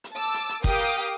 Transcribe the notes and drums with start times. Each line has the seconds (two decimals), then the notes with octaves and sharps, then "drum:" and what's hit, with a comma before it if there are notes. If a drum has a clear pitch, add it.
0.04 drum: hi-hat
0.15 A5 D6 E6
0.34 drum: hi-hat
0.49 drum: hi-hat
0.64 G4 A#4 F5 G5 D6 D#6, drum: kick
0.79 drum: hi-hat